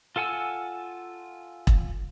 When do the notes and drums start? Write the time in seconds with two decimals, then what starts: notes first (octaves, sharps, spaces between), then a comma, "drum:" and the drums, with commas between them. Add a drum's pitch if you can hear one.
0.16 F4 A4 F#5 G#5 E6
1.67 drum: kick E1